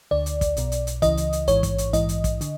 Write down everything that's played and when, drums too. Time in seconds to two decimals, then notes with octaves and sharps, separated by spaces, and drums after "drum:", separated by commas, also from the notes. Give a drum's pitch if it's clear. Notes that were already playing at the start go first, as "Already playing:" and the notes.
0.11 D2 D3 D5
0.26 drum: hi-hat
0.41 drum: kick, hi-hat
0.57 B1 B2, drum: hi-hat
0.72 drum: hi-hat
0.87 drum: hi-hat
1.02 C#2 C#3 E3 D#5, drum: kick, hi-hat
1.17 drum: hi-hat
1.33 drum: hi-hat
1.47 A1 G#2 E3 C#5, drum: hi-hat
1.63 drum: kick, hi-hat
1.78 drum: hi-hat
1.93 A#1 G#2 E3 D#5, drum: hi-hat
2.09 drum: hi-hat
2.24 drum: kick, hi-hat
2.41 D3, drum: hi-hat